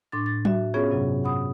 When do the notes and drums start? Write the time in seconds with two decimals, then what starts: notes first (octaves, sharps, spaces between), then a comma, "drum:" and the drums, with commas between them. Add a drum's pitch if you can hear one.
0.12 A2 D4 C6 D6 A6
0.26 A6
0.45 F#4 E5, drum: tom F#3
0.74 B3 C#4 F4 G#4 C#5
0.90 G2 C3 F#3
1.24 F#5 B5 D#6